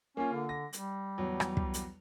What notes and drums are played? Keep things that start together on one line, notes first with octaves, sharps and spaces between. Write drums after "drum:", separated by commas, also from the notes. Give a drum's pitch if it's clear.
A#3 C#4 F4
D3
A#6
G3, drum: hi-hat
E2 F#3
drum: rim click
drum: kick
drum: hi-hat